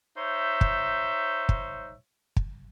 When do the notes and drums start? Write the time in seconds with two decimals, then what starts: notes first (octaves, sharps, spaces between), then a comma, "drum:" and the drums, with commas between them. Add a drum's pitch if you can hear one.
0.17 D#4 C5 C#5 E5
0.61 drum: kick
1.49 drum: kick
2.36 drum: kick